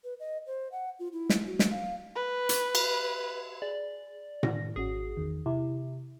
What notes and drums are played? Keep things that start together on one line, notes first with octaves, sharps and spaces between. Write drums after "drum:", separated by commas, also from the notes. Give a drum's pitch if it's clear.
B4
D#5
C5
F#5
F4
E4
drum: snare
F#4
drum: snare
F5
B4
drum: hi-hat
drum: cymbal
G#4 D5
D#3 A#6, drum: tom A2
G#1 C#4 F#4 G#4
E2 D#3
C3 E4